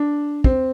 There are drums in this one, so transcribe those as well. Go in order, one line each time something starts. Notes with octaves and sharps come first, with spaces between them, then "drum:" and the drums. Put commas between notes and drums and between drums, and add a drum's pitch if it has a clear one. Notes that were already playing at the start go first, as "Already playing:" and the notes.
Already playing: D4
C4, drum: kick